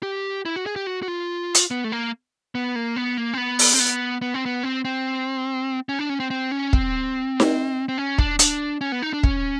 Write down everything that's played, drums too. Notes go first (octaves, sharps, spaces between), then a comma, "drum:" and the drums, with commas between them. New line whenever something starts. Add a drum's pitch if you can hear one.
G4
E4
F#4
G#4
G4
F#4
F#4
F4
drum: hi-hat
B3
A3
A#3
B3
A#3
B3
A#3
C4
B3
drum: open hi-hat
C4
B3
B3
C4
B3
C4
C4
C#4
D4
C#4
C4
C4
C#4
C4, drum: kick
drum: snare D#4
C4
C#4
D4, drum: kick
D4, drum: hi-hat
C#4
B3
D#4
D4
C#4, drum: kick